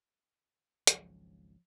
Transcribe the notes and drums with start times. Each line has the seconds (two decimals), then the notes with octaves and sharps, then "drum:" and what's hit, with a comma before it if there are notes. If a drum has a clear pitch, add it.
0.87 G#1 C#2 F3 F#3, drum: hi-hat